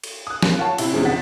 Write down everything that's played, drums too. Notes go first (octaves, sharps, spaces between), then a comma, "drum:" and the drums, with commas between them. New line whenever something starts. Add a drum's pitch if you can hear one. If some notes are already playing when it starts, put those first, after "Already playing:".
drum: cymbal
D#6 F#6
A#3, drum: snare
F4 C#5 F#5 A5 C#6
C3 E4, drum: cymbal
E2 C3 F3 G#3 C#4
G1 D#3 F#5 A6 B6